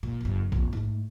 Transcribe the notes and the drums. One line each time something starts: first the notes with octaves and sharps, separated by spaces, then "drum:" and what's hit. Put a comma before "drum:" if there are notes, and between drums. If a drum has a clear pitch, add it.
A#2
F#1 F#2
D#1 F2, drum: kick A#1
G#2 A3